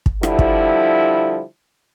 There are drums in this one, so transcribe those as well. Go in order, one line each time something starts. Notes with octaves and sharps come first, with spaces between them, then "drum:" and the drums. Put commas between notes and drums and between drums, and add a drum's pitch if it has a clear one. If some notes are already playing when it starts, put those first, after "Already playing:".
drum: kick
D3 F3 G3 E4, drum: rim click
drum: kick